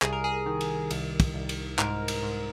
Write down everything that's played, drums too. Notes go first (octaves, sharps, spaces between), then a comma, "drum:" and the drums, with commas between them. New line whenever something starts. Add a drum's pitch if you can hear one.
C2 G#4, drum: clap
A#4
G#4
D#3
drum: cymbal
C2, drum: cymbal
drum: kick, cymbal
C2
drum: cymbal
G#2 A#4, drum: clap
drum: cymbal
G#2